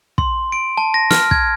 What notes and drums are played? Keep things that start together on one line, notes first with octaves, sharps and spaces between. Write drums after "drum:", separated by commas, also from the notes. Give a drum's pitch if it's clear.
C6, drum: kick
D7
A5
A#6
F6, drum: snare
G#6, drum: kick